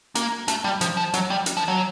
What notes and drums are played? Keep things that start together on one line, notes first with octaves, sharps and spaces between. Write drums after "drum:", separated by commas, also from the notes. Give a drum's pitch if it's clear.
A#3, drum: hi-hat
A3, drum: hi-hat
G3
F3, drum: hi-hat
F3
F#3, drum: hi-hat
G3
drum: hi-hat
F3
F#3